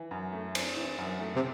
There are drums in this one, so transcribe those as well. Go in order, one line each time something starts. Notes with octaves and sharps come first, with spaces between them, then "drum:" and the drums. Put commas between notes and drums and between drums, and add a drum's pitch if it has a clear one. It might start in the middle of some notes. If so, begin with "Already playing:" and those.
Already playing: E3
F#2
A3
C4, drum: cymbal
E3
F#2
A3
C3